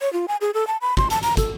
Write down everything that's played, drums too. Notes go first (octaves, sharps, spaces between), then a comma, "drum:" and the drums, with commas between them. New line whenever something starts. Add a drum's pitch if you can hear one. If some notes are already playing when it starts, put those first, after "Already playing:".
C#5
F4
G#5
G#4
A4
A5
B5
C6, drum: kick
A5, drum: hi-hat
A#5, drum: hi-hat
A4, drum: kick, hi-hat